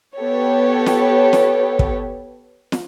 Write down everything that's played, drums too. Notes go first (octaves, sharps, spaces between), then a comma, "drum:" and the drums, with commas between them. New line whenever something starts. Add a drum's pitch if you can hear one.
B3 G4 A4 C#5
drum: snare
drum: snare
drum: kick
drum: snare